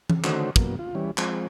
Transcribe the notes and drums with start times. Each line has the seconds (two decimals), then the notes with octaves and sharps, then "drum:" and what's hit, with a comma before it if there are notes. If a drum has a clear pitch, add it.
0.10 drum: tom E3
0.24 D3 D#3 A3 C#4 F#4 C5, drum: clap
0.56 F#2 B2 A#3, drum: kick
0.79 F4
0.95 E3 G3 C#4
1.18 F3 G#3 C4, drum: clap